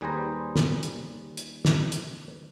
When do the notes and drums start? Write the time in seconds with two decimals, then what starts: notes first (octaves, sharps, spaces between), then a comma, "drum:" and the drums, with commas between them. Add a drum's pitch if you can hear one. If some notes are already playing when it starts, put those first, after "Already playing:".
0.01 D#2 G3 G#4 B4 C5 A#5
0.56 drum: snare
0.83 drum: hi-hat
1.37 drum: hi-hat
1.65 drum: snare
1.92 drum: hi-hat